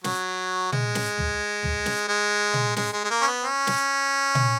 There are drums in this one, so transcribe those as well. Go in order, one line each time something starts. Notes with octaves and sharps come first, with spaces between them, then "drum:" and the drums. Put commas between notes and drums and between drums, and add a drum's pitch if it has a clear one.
F#3, drum: snare
G#3, drum: tom A#2
drum: snare
drum: tom
drum: tom
drum: snare
G#3
drum: tom A#2
G#3, drum: snare
G#3
G#3
A#3
C#4
B3
C#4
drum: snare
drum: tom A#2